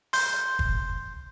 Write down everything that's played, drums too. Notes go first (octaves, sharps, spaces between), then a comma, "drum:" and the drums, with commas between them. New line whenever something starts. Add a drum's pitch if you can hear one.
C6 G6, drum: open hi-hat
drum: kick